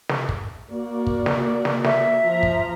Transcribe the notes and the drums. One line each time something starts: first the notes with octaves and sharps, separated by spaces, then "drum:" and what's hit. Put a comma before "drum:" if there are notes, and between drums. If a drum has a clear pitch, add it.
drum: snare
drum: kick
A#3 F#4 D5
drum: kick
drum: snare
drum: snare
E5, drum: snare
F3 A#5
drum: kick